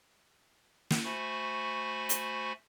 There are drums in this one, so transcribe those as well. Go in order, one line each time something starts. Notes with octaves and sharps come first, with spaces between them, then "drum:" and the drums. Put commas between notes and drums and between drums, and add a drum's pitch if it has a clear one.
drum: snare
A3 F#4 C5 G#5 B5 C#6
drum: hi-hat